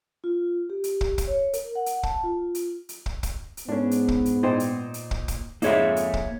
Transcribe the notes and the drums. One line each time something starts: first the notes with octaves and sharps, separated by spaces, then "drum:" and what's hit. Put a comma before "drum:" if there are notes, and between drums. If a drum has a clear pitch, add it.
F4
G4
drum: hi-hat
drum: kick
drum: kick, hi-hat
C#5
A#4, drum: hi-hat
F#5
drum: hi-hat
A5, drum: kick
F4
drum: hi-hat
drum: hi-hat
drum: kick
drum: kick, hi-hat
drum: hi-hat
G#2 B3 C#4 D4
drum: hi-hat
drum: kick
drum: hi-hat
A#2 D#4 C5 G5
drum: hi-hat
drum: hi-hat
drum: kick
drum: kick, hi-hat
F2 G#2 C#3 A#3 D#4 C#5 E5, drum: hi-hat
drum: hi-hat
drum: kick